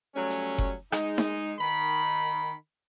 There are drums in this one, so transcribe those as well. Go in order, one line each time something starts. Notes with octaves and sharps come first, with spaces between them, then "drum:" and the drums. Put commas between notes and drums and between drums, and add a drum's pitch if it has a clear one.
F#3 G3 A3 C#4
drum: hi-hat
drum: kick F#1
G#3 D#4, drum: rim click
drum: snare D#4
D#3 B5